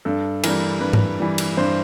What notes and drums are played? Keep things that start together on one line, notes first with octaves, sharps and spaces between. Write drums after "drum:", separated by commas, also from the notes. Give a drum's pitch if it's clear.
G2 A4
E3 G3 A#4, drum: cymbal
G2 B4
drum: tom G#2
E3 G3
drum: cymbal
G2 C5